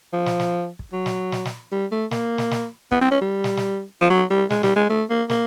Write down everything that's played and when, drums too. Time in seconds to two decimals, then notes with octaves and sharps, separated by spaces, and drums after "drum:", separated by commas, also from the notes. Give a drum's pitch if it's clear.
0.13 F3
0.26 drum: snare
0.40 drum: snare
0.79 drum: kick
0.92 F#3
1.06 drum: snare
1.32 drum: snare
1.45 drum: snare
1.72 G3
1.92 A3
2.11 A#3, drum: snare
2.38 drum: snare
2.51 drum: snare
2.91 B3, drum: kick
3.01 C4
3.11 C#4
3.21 G3
3.44 drum: snare
3.57 drum: snare
4.01 F3
4.10 F#3
4.30 G3
4.50 G#3, drum: snare
4.63 G3, drum: snare
4.76 G#3
4.90 A3
5.10 A#3
5.30 A#3, drum: snare